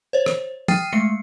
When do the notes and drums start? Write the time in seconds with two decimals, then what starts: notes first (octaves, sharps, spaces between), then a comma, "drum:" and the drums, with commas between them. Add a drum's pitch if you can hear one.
0.13 C5 C#5
0.26 drum: rim click
0.68 G5 D#6 F6 A6 C7 D#7, drum: tom
0.92 G#3 A3 C7 C#7